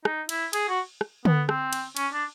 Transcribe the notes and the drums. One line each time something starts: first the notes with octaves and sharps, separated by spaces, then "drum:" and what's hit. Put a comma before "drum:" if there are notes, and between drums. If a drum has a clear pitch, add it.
D#4, drum: rim click
E4, drum: cymbal
G#4, drum: cymbal
F#4
drum: rim click
B3, drum: tom D3
C4, drum: rim click
drum: cymbal
C#4, drum: cymbal
D4